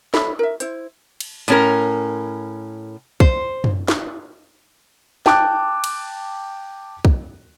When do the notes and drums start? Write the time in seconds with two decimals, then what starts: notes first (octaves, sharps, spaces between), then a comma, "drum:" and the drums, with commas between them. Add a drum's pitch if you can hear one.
0.14 A4 C#5 E5 B5, drum: snare
0.39 A#4 E5
0.60 E4 C5, drum: hi-hat
1.20 drum: cymbal
1.48 A2 C#4 A#4, drum: hi-hat
3.20 C5, drum: kick
3.64 drum: tom F#2
3.88 drum: snare
5.26 G5 A5 D6 F#6, drum: snare
5.84 drum: cymbal
7.05 drum: kick